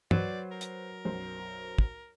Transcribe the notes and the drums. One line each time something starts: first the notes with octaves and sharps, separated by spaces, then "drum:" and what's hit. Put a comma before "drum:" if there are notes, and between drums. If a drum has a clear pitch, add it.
F#3 B4 C5 D5, drum: tom
A#4
drum: hi-hat
B1 F#2 C5
drum: kick